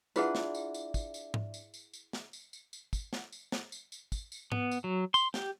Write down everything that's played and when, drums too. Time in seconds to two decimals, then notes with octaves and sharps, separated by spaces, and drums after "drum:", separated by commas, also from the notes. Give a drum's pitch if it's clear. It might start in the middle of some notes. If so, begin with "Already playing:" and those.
0.16 D4 E4 F4 G#4 B4 D5 E5 F#5, drum: tambourine
0.35 drum: snare
0.55 drum: tambourine
0.74 drum: tambourine
0.94 drum: kick, tambourine
1.14 drum: tambourine
1.34 drum: tom G#2
1.54 drum: tambourine
1.74 drum: tambourine
1.94 drum: tambourine
2.13 drum: snare
2.33 drum: tambourine
2.53 drum: tambourine
2.73 drum: tambourine
2.93 drum: kick, tambourine
3.13 drum: snare
3.32 drum: tambourine
3.52 drum: snare
3.72 drum: tambourine
3.92 drum: tambourine
4.12 drum: kick, tambourine
4.32 drum: tambourine
4.52 B3, drum: tom G#2
4.71 drum: tambourine
4.84 F#3
5.14 C6, drum: tambourine
5.34 G4, drum: snare